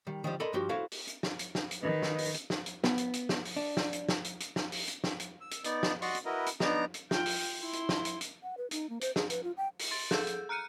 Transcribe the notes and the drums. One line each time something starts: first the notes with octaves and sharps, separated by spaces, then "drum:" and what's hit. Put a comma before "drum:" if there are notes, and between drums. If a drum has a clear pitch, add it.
D#3 G3
D#3 F3 G3
A4 A#4 D5 D#5 B5 C6
G2 F3 F#4 G4 C6
E4 F#4 A4 C5 F5
drum: open hi-hat
drum: hi-hat
drum: snare
drum: hi-hat
drum: snare
drum: hi-hat
D#3 B4 D#5
drum: snare
drum: open hi-hat
drum: hi-hat
drum: snare
drum: hi-hat
B3, drum: snare
drum: hi-hat
drum: hi-hat
drum: snare
drum: open hi-hat
D4
drum: snare
drum: hi-hat
drum: snare
drum: hi-hat
drum: hi-hat
drum: snare
drum: open hi-hat
drum: hi-hat
drum: snare
drum: hi-hat
E6
drum: hi-hat
B3 D#4 D5, drum: hi-hat
drum: snare
F#4 D5 D#5 C6 C#6, drum: open hi-hat
drum: hi-hat
E4 F#4 A#4 B4 D#5
drum: hi-hat
B3 D4 D#4 A#5, drum: snare
drum: hi-hat
F4 G5, drum: snare
drum: open hi-hat
E4 C6
drum: hi-hat
drum: snare
drum: hi-hat
drum: hi-hat
F#5
B4
D#4, drum: hi-hat
A#3
C5, drum: hi-hat
G#4, drum: snare
B4, drum: hi-hat
F4
G5
drum: open hi-hat
C6 A6 D7
G#4 A4 E6 G6, drum: snare
drum: hi-hat
A#5 F6 F#6 C#7 D#7